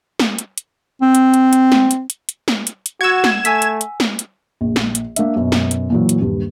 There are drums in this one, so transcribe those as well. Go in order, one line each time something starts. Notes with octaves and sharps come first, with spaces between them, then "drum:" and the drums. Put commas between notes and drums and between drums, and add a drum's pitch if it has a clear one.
drum: snare
drum: hi-hat
drum: hi-hat
C4
drum: hi-hat
drum: hi-hat
drum: hi-hat
drum: snare
drum: hi-hat
drum: hi-hat
drum: hi-hat
drum: snare
drum: hi-hat
drum: hi-hat
F#4 F#5 E6 G#6 E7
drum: snare
A3 G#5 E6 B6, drum: hi-hat
drum: hi-hat
drum: hi-hat
drum: snare
drum: hi-hat
A#1
drum: snare
drum: hi-hat
A#3 D4 E5, drum: hi-hat
F#2 B2
drum: snare
drum: hi-hat
A#2 E3 F#3
drum: hi-hat
D#1 G2